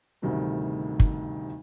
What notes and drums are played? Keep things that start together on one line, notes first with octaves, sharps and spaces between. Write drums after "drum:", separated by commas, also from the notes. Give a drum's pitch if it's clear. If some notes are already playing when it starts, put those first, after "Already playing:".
A1 D2 C3 D#3 G3 A3
drum: kick